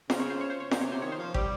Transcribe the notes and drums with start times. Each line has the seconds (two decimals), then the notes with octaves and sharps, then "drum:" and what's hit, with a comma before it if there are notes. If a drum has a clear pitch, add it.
0.10 C#3 C5, drum: snare F4
0.20 C#5
0.30 C5
0.41 C#5
0.50 C5
0.60 C#5
0.71 A#2 C5, drum: snare F4
0.81 C3 C#5
0.92 C3 C5
1.02 D#3 C#5
1.12 C5
1.19 F3
1.34 G3 G4, drum: kick